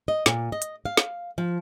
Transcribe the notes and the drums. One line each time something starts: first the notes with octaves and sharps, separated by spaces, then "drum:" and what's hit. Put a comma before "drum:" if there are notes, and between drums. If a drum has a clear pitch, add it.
D#5
A#2, drum: snare
D#5
drum: hi-hat
F5
drum: snare
F3